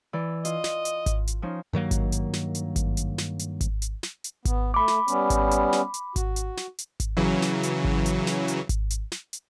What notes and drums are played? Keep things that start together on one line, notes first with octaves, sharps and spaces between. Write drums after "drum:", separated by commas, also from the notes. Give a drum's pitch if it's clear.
E3 D5 B5
F4 D#5, drum: hi-hat
drum: snare
drum: hi-hat
drum: kick G#1, hi-hat
drum: hi-hat
F3 C#4 D#4
G2 D#3 F#3 A#3
drum: kick G#1, hi-hat
drum: hi-hat
drum: snare
drum: hi-hat
drum: kick G#1, hi-hat
drum: hi-hat
drum: snare
drum: hi-hat
drum: kick G#1, hi-hat
drum: hi-hat
drum: snare
drum: hi-hat
B3, drum: kick G#1, hi-hat
A3 B5 D6
drum: snare
G3 B3 C#4, drum: hi-hat
drum: kick G#1, hi-hat
drum: hi-hat
drum: snare
drum: hi-hat
F#4, drum: kick G#1, hi-hat
drum: hi-hat
drum: snare
drum: hi-hat
drum: kick G#1, hi-hat
C#3 E3 F#3
drum: snare
drum: hi-hat
drum: kick G#1
drum: hi-hat
drum: snare
drum: hi-hat
drum: kick G#1, hi-hat
drum: hi-hat
drum: snare
drum: hi-hat